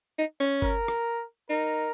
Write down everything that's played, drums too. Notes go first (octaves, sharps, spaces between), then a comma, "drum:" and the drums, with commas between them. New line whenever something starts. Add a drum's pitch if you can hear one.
D#4
C#4
A#4, drum: kick G1
drum: rim click
D#4 A#4